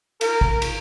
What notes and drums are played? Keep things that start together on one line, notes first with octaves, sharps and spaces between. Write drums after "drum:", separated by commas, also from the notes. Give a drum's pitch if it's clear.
A#4, drum: cymbal
drum: kick
drum: cymbal